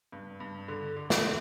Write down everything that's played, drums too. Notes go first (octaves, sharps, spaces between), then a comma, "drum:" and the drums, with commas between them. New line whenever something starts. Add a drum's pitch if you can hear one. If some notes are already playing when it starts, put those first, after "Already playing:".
G2
G2
D3
D3
drum: snare